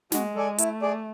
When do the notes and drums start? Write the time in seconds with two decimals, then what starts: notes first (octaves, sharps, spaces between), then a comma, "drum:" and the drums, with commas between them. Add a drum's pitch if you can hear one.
0.12 G#3 F#4, drum: snare
0.35 A4 D5 G#5
0.58 A3 E4, drum: hi-hat
0.82 G#4 D5